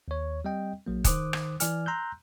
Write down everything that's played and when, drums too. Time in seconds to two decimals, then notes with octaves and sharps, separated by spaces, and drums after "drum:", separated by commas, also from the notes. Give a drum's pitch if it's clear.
0.08 D#2 C#5
0.45 G3 C4 D#5 G5
0.87 A#1 F#3 A#3
1.04 D#3 C5 D6 D#6 F#6, drum: kick, hi-hat
1.33 drum: rim click
1.60 E3 D5 G#5 F6, drum: hi-hat
1.86 A#5 C6 E6 F#6 G6